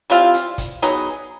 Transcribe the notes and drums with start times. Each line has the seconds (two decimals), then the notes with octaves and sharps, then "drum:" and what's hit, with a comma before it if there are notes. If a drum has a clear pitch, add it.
0.10 E3 G3 C4 F4, drum: hi-hat
0.34 drum: hi-hat
0.58 drum: kick, hi-hat
0.82 F#3 B3 D#4 G#4, drum: hi-hat